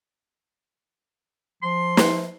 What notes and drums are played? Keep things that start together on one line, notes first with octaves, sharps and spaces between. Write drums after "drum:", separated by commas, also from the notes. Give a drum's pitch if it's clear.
F3 C6
drum: snare